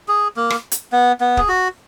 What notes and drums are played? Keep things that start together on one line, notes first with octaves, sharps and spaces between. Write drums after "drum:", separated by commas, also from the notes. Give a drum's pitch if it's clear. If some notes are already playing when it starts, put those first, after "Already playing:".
G#4
A#3
drum: rim click
drum: hi-hat
B3
B3
G#4, drum: kick
F#4